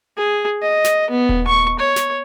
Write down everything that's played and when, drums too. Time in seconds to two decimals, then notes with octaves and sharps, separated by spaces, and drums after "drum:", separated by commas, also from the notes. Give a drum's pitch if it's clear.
0.17 G#4
0.62 D#5
0.84 drum: snare
1.10 B3
1.29 drum: kick D#1
1.47 C#6
1.79 C#5
1.96 drum: snare